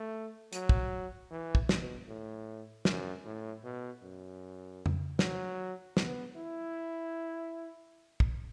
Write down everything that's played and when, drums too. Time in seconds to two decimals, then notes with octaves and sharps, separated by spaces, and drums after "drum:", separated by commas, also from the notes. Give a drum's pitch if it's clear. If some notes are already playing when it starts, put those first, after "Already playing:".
Already playing: A3
0.53 F#3, drum: hi-hat
0.69 drum: kick
1.31 E3
1.55 drum: kick
1.69 B2, drum: snare
2.08 A2
2.85 F#2, drum: snare
3.25 A2
3.64 B2
4.02 F#2
4.86 drum: tom F2
5.19 F#3, drum: snare
5.97 B3, drum: snare
6.36 E4
8.20 drum: kick